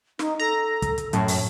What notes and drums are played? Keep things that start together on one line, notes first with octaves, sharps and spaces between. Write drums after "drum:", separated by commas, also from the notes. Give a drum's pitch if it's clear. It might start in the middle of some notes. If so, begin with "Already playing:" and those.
D#4, drum: snare
A4 A#5
drum: kick, hi-hat
drum: hi-hat
F#2 A2 A5, drum: hi-hat
drum: open hi-hat